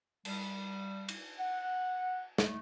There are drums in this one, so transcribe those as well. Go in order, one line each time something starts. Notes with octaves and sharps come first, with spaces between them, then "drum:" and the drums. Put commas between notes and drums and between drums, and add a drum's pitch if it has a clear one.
G3, drum: cymbal
drum: cymbal
F#5
A3, drum: snare